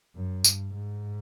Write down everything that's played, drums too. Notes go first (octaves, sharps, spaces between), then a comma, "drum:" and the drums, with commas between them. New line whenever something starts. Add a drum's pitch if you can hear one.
F#2
G2, drum: tambourine
G#2